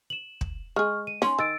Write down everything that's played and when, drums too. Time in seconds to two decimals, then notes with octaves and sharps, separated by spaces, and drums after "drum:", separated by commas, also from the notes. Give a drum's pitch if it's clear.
0.10 E7 F#7
0.41 drum: kick
0.76 G#3 G#4 C#6 F6
1.07 D#7
1.22 C#4 G#5 C6, drum: snare D#4
1.39 D#3 E6 A6 D7